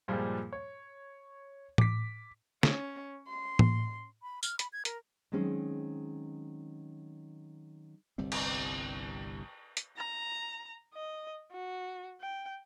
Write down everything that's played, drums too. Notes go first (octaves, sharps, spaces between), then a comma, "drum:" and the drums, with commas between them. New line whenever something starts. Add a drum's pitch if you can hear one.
G2 A#2 F3 G3 G#3
C#5
D6 B6, drum: tom A2
C#4, drum: snare
C6
drum: tom A2
B5
F6, drum: tambourine
B5, drum: hi-hat
G#6
A#4, drum: hi-hat
D#3 F#3 G#3 C4 C#4 C5
G1 C2 G3 C4
drum: cymbal
drum: hi-hat
A#5
D#5
F#4
G5